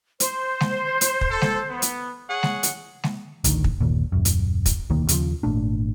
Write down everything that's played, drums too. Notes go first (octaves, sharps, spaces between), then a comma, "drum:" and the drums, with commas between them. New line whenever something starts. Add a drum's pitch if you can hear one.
C5, drum: hi-hat
drum: snare G#3
drum: hi-hat
drum: kick
A4
drum: snare G#3
B3
drum: hi-hat
G#4 C#5 F#5
drum: snare G#3
drum: hi-hat
drum: snare G#3
A1 D2 D#3, drum: hi-hat
drum: kick
G1 D#2 A#2
D#1 F#2
drum: hi-hat
drum: kick, hi-hat
E1 D2 D#3 A#3
D#2 C#3 E3 F3, drum: hi-hat
G#1 A#2 A3 D4